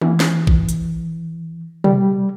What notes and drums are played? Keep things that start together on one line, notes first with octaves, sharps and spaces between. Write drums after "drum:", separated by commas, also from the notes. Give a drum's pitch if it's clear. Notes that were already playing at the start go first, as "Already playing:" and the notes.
E3, drum: tom
drum: snare
drum: kick A1
drum: hi-hat
G3, drum: tom